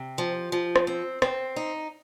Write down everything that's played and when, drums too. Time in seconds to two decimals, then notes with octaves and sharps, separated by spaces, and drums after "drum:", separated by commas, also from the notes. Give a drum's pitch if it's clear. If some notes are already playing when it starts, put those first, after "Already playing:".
Already playing: C3
0.18 F3
0.52 F3
0.76 drum: rim click
0.87 C4
1.22 C4, drum: rim click
1.56 D#4